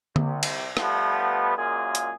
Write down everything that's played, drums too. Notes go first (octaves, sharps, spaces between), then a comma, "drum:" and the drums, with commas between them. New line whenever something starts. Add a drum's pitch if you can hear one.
C2 C3, drum: tom D3
drum: cymbal
F3 G3 A3 B3, drum: rim click
F#2 A#2 G#3 A#3 G#4
drum: hi-hat